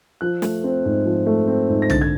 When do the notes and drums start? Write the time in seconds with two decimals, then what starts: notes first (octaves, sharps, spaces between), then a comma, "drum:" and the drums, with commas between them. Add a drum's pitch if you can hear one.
0.21 F3 F#6
0.42 A3, drum: snare
0.64 C4
0.85 G#2
1.05 F3
1.26 A3
1.47 C4
1.69 G#2
1.82 A#6
1.90 D3 A6, drum: tom
2.01 G#6